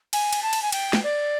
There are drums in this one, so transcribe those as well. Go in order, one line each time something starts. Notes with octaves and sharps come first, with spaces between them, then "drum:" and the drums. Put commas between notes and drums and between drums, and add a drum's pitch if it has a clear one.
G#5, drum: cymbal
drum: cymbal
A5
drum: cymbal
G#5
G5, drum: cymbal
drum: snare
D5